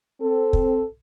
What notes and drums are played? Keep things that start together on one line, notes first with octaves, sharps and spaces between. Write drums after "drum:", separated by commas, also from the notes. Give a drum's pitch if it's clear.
C4 A4
drum: kick